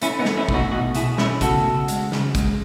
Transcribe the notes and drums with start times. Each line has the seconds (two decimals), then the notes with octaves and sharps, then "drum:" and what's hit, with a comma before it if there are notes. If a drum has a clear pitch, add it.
0.02 A3 C#4 E4, drum: hi-hat
0.19 B3 D#4
0.25 A3, drum: snare
0.37 C#4 E4
0.48 B2, drum: kick
0.54 D#4 F#4
0.72 B2 D#4 F#4
0.95 B2 E4 G#4, drum: hi-hat
1.18 A3 C#4 E4, drum: snare
1.41 C#3 F#4 A4, drum: kick, hi-hat
1.65 C#3
1.88 G#3, drum: hi-hat
2.12 C#3, drum: snare
2.35 G#3, drum: kick, hi-hat